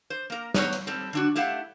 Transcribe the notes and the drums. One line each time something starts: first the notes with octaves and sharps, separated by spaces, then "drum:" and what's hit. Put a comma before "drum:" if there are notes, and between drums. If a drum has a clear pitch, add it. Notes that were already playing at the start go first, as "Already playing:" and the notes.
C5
A#3 A#4
B3 D#4 A4 C5 C#5, drum: snare
drum: hi-hat
G3 C4 A4
D3 D4 F#4
A3 E4 G4 A4 F5 F#5